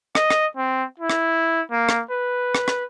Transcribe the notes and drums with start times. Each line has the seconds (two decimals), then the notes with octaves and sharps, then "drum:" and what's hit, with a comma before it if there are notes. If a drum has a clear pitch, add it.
0.15 D#5, drum: rim click
0.30 drum: rim click
0.57 C4
1.00 E4
1.10 drum: rim click
1.71 A#3
1.89 drum: rim click
2.11 B4
2.55 drum: rim click
2.68 drum: rim click